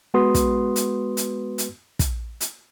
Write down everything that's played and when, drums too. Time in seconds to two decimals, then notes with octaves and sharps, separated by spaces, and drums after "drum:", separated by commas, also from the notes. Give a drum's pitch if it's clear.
0.14 G#3 B3 F#4 B4 C6 D#6
0.35 drum: kick, hi-hat
0.76 drum: hi-hat
1.17 drum: hi-hat
1.58 drum: hi-hat
1.99 drum: kick, hi-hat
2.41 drum: hi-hat